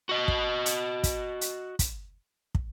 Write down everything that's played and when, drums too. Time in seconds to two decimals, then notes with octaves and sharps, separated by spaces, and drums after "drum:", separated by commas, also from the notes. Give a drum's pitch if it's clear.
0.09 F#4 D#5
0.28 drum: kick
0.66 drum: hi-hat
1.04 drum: kick, hi-hat
1.41 drum: hi-hat
1.79 drum: kick, hi-hat
2.55 drum: kick